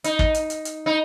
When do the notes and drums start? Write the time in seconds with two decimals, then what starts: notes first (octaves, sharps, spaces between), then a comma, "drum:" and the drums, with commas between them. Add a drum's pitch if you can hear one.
0.04 D#4, drum: hi-hat
0.19 drum: kick
0.35 drum: hi-hat
0.50 drum: hi-hat
0.65 drum: hi-hat
0.86 D#4